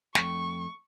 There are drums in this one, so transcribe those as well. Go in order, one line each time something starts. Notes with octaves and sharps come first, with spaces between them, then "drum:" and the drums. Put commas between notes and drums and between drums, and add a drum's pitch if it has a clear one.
F2 A3 G5 C#6, drum: snare